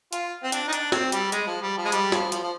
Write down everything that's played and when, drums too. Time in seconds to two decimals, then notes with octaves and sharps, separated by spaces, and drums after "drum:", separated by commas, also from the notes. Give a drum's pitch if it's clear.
0.13 F4, drum: hi-hat
0.43 C4
0.52 D4, drum: hi-hat
0.68 D#4
0.73 D4, drum: hi-hat
0.92 C4, drum: snare
1.12 G3, drum: hi-hat
1.32 G#3, drum: hi-hat
1.47 F3
1.62 G3
1.78 F3
1.85 G#3
1.92 G3, drum: hi-hat
2.12 F3, drum: snare
2.32 F3, drum: hi-hat
2.43 F3